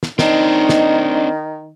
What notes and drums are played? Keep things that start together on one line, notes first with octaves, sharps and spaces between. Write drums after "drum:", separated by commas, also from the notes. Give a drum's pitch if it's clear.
drum: snare
D#3 C4 D4 D#4, drum: snare
drum: snare